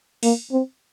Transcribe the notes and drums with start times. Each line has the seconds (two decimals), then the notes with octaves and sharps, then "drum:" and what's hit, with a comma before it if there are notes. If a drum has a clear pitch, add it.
0.23 A#3, drum: open hi-hat
0.52 C4